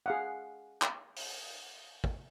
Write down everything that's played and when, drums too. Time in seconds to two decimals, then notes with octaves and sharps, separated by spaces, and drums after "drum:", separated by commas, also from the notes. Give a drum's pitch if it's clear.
0.06 G#4 F5 F#5
0.82 drum: clap
1.16 drum: open hi-hat
2.04 drum: kick